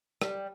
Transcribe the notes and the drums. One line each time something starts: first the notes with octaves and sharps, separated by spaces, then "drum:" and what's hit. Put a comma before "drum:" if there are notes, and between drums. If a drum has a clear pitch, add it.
G3, drum: rim click